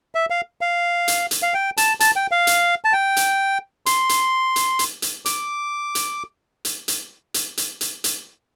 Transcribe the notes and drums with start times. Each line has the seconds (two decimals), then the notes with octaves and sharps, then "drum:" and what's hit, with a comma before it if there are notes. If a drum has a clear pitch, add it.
0.15 E5
0.30 F5
0.61 F5
1.08 drum: hi-hat
1.31 drum: hi-hat
1.43 F5
1.54 G5
1.77 A5, drum: hi-hat
2.00 A5, drum: hi-hat
2.16 G5
2.31 F5
2.47 drum: hi-hat
2.85 A5
2.93 G5
3.17 drum: hi-hat
3.86 C6, drum: hi-hat
4.09 drum: hi-hat
4.56 drum: hi-hat
4.79 drum: hi-hat
5.02 drum: hi-hat
5.25 D6, drum: hi-hat
5.95 drum: hi-hat
6.65 drum: hi-hat
6.88 drum: hi-hat
7.34 drum: hi-hat
7.57 drum: hi-hat
7.81 drum: hi-hat
8.04 drum: hi-hat